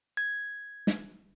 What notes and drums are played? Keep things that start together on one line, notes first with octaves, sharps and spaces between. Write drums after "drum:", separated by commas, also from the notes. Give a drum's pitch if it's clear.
G#6
drum: snare